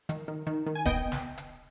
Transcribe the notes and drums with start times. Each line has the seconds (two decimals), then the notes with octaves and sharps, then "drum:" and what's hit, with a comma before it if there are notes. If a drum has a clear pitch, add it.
0.09 D#3, drum: hi-hat
0.28 D#3
0.47 D#3
0.66 D#3
0.75 G#5
0.86 B3 D#5 G5, drum: kick, hi-hat
1.12 drum: snare
1.38 drum: hi-hat